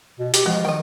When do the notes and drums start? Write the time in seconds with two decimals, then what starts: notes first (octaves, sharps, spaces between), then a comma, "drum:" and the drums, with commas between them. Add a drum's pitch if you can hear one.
0.20 B2
0.34 G4, drum: hi-hat
0.46 F2 F3 G#3 F#4
0.65 D#3 D#5 G5